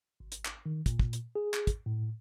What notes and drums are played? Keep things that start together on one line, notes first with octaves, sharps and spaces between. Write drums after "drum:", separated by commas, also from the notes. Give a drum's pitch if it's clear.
G#1
drum: hi-hat
drum: clap
D#3
A#2, drum: kick, hi-hat
drum: kick
drum: hi-hat
G#4
drum: clap
drum: kick, hi-hat
A2